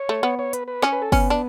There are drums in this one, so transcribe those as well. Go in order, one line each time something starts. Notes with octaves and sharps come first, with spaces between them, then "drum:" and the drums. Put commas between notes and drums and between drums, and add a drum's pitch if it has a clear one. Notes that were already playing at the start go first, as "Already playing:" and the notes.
Already playing: C#5
A3
B3
C#5
B4, drum: hi-hat
B4
C#4 C#5, drum: snare
B4
A4
B3 C#4, drum: kick G1, open hi-hat
D4